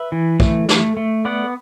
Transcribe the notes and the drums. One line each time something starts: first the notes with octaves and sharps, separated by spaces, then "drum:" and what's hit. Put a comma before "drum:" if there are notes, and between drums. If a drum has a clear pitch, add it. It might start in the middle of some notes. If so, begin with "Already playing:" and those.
Already playing: B4 E5
E3
A3, drum: kick
A3, drum: snare
A3
B3 D5 F#5